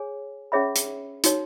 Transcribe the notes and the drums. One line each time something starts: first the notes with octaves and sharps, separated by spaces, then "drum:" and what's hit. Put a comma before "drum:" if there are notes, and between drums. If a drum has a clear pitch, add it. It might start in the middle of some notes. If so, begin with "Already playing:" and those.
Already playing: G#4 C#5 G#5
C#4 G#4 C#5 E5 B5
drum: hi-hat
D#4 F#4 C#5, drum: hi-hat